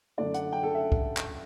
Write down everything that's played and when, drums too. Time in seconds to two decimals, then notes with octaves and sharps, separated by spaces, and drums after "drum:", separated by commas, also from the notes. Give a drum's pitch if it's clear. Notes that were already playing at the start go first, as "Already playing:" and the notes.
0.18 F#2 D3 A3 D4 D5
0.34 F#5, drum: hi-hat
0.52 G5
0.63 A4
0.75 E5
0.92 drum: kick
1.17 drum: clap